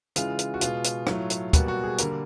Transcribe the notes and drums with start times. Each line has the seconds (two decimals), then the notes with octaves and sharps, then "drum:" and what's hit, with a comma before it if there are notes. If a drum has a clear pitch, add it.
0.16 C#3 E3 G#3 F4, drum: hi-hat
0.39 drum: hi-hat
0.54 F#4
0.61 B2 G#3 F4, drum: hi-hat
0.84 drum: hi-hat
1.07 A2 F#3 A3, drum: rim click
1.30 drum: hi-hat
1.53 B2 G3 A#3 F#4, drum: kick, hi-hat
1.68 F#4
1.83 G#4
1.98 D3 G3 A#3 A#4, drum: hi-hat